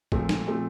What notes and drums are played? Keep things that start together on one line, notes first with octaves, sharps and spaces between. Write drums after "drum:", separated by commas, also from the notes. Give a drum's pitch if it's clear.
A#2 F3 A3 C4, drum: kick
drum: snare
A#2 F3 A3 C4